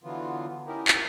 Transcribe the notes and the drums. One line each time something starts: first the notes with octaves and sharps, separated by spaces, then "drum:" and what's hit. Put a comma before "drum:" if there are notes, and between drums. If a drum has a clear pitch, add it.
D3 E3 F#3 B3 F4
C#4 D#4 E4 G4 A#4
drum: clap